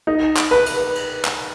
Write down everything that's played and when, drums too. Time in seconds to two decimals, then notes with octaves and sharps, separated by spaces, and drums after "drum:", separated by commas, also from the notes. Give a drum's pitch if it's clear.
0.07 D#4
0.37 drum: clap
0.51 B4
0.66 drum: cymbal
0.95 drum: cymbal
1.25 drum: clap